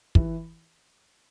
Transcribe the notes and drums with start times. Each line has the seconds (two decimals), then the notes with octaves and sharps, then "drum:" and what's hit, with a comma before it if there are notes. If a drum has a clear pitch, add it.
0.15 E3, drum: kick